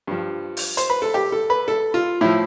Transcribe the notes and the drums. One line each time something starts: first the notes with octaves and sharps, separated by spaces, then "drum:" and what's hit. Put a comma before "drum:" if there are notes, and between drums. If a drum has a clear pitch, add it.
G2 F3
drum: open hi-hat
C5, drum: hi-hat
B4
A4
G4
A4
B4
A4
F4
A2 F3 E4